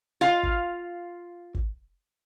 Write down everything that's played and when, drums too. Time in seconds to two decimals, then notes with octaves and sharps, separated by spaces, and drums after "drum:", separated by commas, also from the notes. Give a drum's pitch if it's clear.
0.21 F4 F5
0.43 drum: kick
1.55 drum: kick